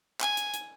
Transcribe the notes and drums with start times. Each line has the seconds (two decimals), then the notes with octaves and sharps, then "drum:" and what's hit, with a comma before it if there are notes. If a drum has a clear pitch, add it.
0.21 G#5, drum: clap
0.37 drum: hi-hat
0.54 drum: hi-hat